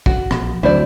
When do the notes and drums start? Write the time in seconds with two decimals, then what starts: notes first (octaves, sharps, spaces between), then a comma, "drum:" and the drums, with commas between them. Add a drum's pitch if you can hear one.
0.06 F#4, drum: kick
0.31 A#1, drum: rim click
0.63 D2 F#3 E4 C5 D5